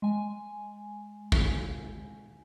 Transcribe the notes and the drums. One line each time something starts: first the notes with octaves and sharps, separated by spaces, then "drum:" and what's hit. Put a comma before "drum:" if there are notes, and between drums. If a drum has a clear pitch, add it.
G#3 G#5
drum: kick